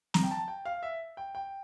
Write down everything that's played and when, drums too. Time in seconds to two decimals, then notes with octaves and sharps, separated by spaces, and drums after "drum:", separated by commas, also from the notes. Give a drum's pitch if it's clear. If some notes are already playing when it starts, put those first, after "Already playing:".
0.14 A#5, drum: snare
0.23 G5
0.31 A5
0.48 G5
0.65 F5
0.83 E5
1.17 G5
1.35 G5